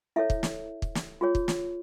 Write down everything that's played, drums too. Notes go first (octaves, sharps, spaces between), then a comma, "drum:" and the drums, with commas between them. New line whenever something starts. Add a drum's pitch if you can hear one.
E4 A4 C#5 E5
drum: kick
drum: snare
drum: kick
drum: snare
F4 G#4 C#5
drum: kick
drum: snare